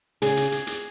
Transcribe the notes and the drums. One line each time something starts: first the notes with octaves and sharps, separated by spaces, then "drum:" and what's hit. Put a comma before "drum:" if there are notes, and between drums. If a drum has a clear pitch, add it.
C#3 G#4, drum: hi-hat
drum: hi-hat
drum: hi-hat
drum: hi-hat